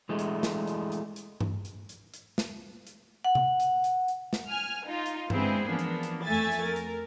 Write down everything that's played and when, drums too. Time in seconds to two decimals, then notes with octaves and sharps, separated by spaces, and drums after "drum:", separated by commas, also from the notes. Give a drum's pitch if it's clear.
0.09 E3 G#3 A3
0.19 drum: hi-hat
0.43 drum: snare
0.67 drum: hi-hat
0.92 drum: hi-hat
1.16 drum: hi-hat
1.41 drum: tom G2
1.65 drum: hi-hat
1.89 drum: hi-hat
2.14 drum: hi-hat
2.38 drum: snare
2.87 drum: hi-hat
3.24 F#5
3.35 drum: tom C3
3.60 drum: hi-hat
3.84 drum: hi-hat
4.08 drum: hi-hat
4.33 drum: snare
4.49 G#5 F6
4.86 D#4 F4
5.06 drum: hi-hat
5.30 D3 G#3 B3 C4 E4 G#4, drum: tom G2
5.67 E3 F3 A#3 B3 D4
5.79 drum: hi-hat
6.03 drum: hi-hat
6.24 F2 A3 E5 G#5 A6
6.52 drum: hi-hat
6.63 A#4
6.76 drum: hi-hat